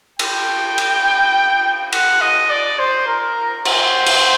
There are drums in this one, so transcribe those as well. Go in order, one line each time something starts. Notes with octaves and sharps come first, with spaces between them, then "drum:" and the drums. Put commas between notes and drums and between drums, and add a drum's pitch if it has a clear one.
G5, drum: cymbal
drum: cymbal
F#5, drum: cymbal
D#5
D5
C5
A#4
C5, drum: cymbal
drum: cymbal